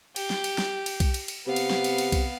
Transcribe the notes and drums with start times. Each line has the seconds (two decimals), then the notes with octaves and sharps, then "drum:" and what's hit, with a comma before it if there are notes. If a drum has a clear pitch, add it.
0.16 G4, drum: cymbal
0.30 drum: snare
0.44 drum: cymbal
0.58 drum: snare
0.86 drum: cymbal
1.00 drum: kick B1, cymbal
1.14 drum: cymbal
1.28 drum: cymbal
1.47 C3 B3 F5
1.56 drum: cymbal
1.70 drum: snare
1.84 drum: cymbal
1.98 drum: cymbal
2.12 drum: kick B1, cymbal